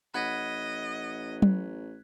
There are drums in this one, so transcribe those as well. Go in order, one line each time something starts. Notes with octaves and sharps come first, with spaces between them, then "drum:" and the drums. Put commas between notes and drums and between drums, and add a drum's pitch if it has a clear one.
A1 D#5 F#5 B5 F#6 G#6 B6
drum: tom F#3